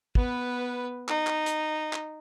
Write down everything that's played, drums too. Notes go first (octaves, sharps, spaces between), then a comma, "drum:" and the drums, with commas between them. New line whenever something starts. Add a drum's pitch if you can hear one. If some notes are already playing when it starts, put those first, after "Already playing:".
B3 B4, drum: kick
D#4, drum: clap
drum: clap
drum: hi-hat
drum: clap